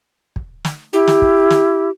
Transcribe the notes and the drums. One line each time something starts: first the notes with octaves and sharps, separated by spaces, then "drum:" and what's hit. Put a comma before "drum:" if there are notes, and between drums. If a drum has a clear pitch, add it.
drum: kick
drum: snare
E4 G4
drum: snare
drum: kick
drum: snare